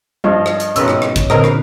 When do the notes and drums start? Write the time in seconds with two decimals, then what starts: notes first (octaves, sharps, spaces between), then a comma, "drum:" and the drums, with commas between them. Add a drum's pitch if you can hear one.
0.24 G2 F3 D#5
0.46 drum: rim click
0.60 drum: hi-hat
0.76 G#1 B2 C#4 B4 E6, drum: hi-hat
0.88 drum: rim click
1.02 drum: rim click
1.16 drum: kick, hi-hat
1.30 A#2 D3 C4 A#4 B4 D#5, drum: rim click
1.44 drum: rim click